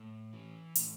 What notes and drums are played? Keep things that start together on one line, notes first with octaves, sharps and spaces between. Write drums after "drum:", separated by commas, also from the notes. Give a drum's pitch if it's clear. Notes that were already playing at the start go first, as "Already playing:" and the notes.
Already playing: A2
E3
A2, drum: hi-hat